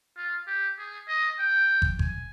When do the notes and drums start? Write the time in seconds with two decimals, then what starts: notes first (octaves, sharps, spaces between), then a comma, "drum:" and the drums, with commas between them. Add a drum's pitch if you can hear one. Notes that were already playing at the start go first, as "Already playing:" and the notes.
0.17 F4
0.47 G4
0.78 G#4
1.08 D#5
1.39 G5
1.82 drum: kick
1.99 G#5, drum: kick